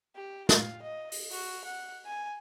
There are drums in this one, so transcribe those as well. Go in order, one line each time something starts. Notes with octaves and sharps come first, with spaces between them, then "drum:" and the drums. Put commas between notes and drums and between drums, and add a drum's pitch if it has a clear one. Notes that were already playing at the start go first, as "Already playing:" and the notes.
G4
F4, drum: snare
D#5
drum: open hi-hat
F#4, drum: open hi-hat
F#5
G#5